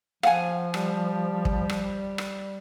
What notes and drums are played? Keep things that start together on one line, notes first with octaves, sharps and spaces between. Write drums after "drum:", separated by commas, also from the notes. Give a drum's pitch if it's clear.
F3 F5 F#5 G#5, drum: rim click
G3, drum: rim click
drum: kick
drum: rim click
drum: rim click